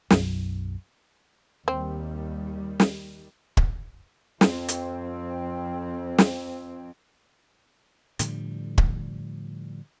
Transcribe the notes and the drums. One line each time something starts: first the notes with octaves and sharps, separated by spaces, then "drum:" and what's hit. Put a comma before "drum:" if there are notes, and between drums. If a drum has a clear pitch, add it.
B1 F#2, drum: snare
D#2 D#3 G3 C4
drum: snare
drum: kick
F2 C4, drum: snare
drum: hi-hat
drum: snare
A2 D3 F3 G3, drum: hi-hat
drum: kick